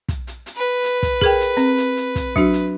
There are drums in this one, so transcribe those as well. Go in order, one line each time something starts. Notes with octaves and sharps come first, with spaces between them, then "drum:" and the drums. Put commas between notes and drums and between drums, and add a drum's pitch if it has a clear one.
drum: kick, hi-hat
drum: hi-hat
drum: hi-hat
B4
drum: hi-hat
drum: kick, hi-hat
G#4 A#4 G5, drum: kick
drum: hi-hat
C4, drum: hi-hat
drum: hi-hat
drum: hi-hat
drum: kick, hi-hat
F#3 D4 F#4, drum: kick
drum: hi-hat